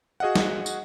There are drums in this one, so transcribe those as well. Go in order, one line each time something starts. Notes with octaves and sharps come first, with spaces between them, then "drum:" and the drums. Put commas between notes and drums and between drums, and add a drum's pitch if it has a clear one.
F#4 G#4 D#5 F5 F#5
drum: snare
drum: tambourine